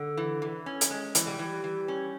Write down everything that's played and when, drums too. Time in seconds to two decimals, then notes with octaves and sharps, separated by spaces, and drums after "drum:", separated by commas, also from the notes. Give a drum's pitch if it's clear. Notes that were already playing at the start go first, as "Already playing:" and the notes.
Already playing: D3
0.17 E3
0.42 E3
0.66 C#4
0.81 drum: hi-hat
0.90 G#3
1.15 E3, drum: hi-hat
1.27 G3
1.39 E3
1.64 E3
1.88 C#4